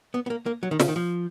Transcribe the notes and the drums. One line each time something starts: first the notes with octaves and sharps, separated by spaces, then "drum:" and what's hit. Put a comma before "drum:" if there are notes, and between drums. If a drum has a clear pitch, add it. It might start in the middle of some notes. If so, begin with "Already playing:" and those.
B3
B3
A#3
A#3
F#3
D#3
C#3, drum: snare
D#3
F3